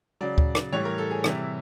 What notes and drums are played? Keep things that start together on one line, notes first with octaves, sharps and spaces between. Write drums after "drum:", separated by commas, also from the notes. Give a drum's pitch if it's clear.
C#3 F#3 D5
drum: kick D2
drum: rim click
A2 E3 G3 C#5
A#4
A4
G#4
C3 E3 G3 E4, drum: rim click